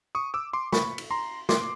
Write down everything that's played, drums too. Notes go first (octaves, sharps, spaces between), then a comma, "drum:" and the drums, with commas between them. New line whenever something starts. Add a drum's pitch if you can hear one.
C#6 D#6
D6 E6
C6 D6
B5 C#6, drum: snare
drum: cymbal
A#5 C6
C6 D6, drum: snare